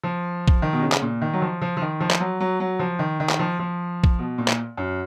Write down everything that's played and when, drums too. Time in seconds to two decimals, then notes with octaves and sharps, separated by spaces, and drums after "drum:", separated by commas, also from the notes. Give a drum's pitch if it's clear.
0.03 F3
0.48 drum: kick
0.62 D#3
0.73 B2
0.82 C#3
0.92 drum: clap
1.02 A#2
1.22 D#3
1.33 F#3
1.42 F3
1.62 F3
1.77 F3
1.82 D#3
2.00 F3
2.11 drum: clap
2.20 F#3
2.40 F#3
2.60 F#3
2.79 F3
2.99 D#3
3.20 D#3
3.29 drum: clap
3.39 F3
3.59 F3
4.04 drum: kick
4.19 B2
4.38 A#2
4.48 drum: clap
4.78 F#2